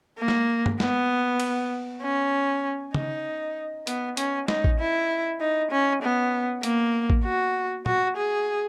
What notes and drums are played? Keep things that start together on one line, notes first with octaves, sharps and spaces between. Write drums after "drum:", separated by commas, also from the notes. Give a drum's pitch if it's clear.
A#3
drum: snare
drum: tom
B3, drum: snare
drum: cymbal
C#4
D#4, drum: tom C#3
B3, drum: hi-hat
C#4, drum: hi-hat
D#4, drum: snare
drum: kick A1
E4
D#4
C#4
B3
A#3, drum: hi-hat
drum: kick A1
F#4
F#4, drum: tom
G#4